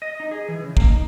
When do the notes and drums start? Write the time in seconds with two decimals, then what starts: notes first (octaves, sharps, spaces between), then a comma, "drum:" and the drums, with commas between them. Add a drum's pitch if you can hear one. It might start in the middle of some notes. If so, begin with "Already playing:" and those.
0.02 D#5
0.20 D#4
0.31 G#4
0.48 E3
0.63 C#3
0.77 A#3, drum: kick
0.88 D#4